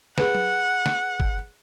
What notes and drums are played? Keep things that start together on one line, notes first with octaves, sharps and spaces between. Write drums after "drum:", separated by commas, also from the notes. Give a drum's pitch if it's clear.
G#4 B4 F#5, drum: snare
drum: tom F#3
drum: snare
drum: kick